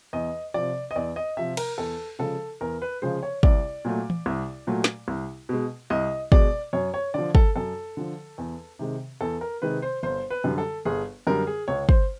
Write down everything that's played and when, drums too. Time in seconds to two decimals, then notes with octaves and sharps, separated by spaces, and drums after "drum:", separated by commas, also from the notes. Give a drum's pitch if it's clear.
0.13 E2 D#5
0.54 C3 F3 D5
0.91 D#5
0.96 E2 D5
1.16 D#5
1.37 C3 F3 E5
1.57 A#4, drum: cymbal
1.78 E2 A4
2.19 C#3 F3 G#3 A4
2.61 E2 A#4
2.82 B4
3.02 C#3 F3 G#3 C5
3.23 C#5
3.43 C2 D5, drum: kick
3.85 A#2 F#3 A3
4.10 drum: tom E3
4.26 C2
4.67 A#2 F#3 A3
4.84 drum: snare
5.08 C2
5.49 B2 G#3
5.90 C2 D#5
6.32 B2 G#3 D5, drum: kick
6.73 F#2 C#5
6.94 C#5
7.14 D3 F3 D5
7.35 A4, drum: kick
7.56 F#2 A4
7.97 D3 F3
8.38 E2
8.79 C3 D#3 G#3
9.21 E2 A4
9.41 A#4
9.62 C3 D#3 G#3 B4
9.82 C5
10.03 G1 C5
10.30 B4
10.44 F#2 D3 G3
10.58 A4
10.85 G1 G#4
11.27 F#2 D3 G3 A#4
11.47 G#4
11.68 C#2 C#5
11.89 C5, drum: kick